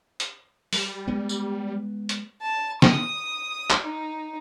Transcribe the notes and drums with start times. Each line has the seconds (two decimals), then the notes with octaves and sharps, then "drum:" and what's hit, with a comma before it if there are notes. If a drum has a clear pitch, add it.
0.20 drum: hi-hat
0.73 G3, drum: open hi-hat
1.08 G#3 B3
1.29 drum: tambourine
2.09 drum: hi-hat
2.42 A5
2.82 D#6, drum: snare
3.70 drum: clap
3.81 D#4